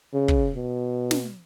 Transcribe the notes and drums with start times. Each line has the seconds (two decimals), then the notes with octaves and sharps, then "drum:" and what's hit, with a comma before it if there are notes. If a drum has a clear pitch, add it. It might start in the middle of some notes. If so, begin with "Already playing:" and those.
0.14 C#3
0.28 drum: kick
0.56 B2
1.11 drum: snare